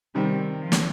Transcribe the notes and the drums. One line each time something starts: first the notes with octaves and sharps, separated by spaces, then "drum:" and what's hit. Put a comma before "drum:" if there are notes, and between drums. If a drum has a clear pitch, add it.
C3 D#3 G3 C4
F3
drum: snare